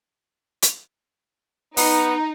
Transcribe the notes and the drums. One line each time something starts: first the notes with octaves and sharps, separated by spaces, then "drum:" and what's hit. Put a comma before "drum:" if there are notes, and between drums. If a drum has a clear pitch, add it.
drum: hi-hat
B3 D#4 A#5, drum: open hi-hat